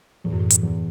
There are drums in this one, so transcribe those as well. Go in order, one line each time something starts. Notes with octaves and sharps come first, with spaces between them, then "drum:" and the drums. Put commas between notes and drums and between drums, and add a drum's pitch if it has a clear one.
E2 A2
F#2
A2
drum: hi-hat
E2